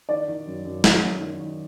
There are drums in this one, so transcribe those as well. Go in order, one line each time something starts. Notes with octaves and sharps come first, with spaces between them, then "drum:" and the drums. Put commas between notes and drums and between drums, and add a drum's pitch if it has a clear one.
D#3 D5
D#3
F#2
F#2
F#2, drum: snare
F#2
D#3
D#3